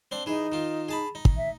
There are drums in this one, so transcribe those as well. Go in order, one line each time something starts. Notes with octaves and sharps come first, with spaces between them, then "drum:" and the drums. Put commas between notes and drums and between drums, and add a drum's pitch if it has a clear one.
C4 D4 C6
E3 D#4 G#4
D#3 F4
G#4 A5 B5
D#4
drum: kick
E5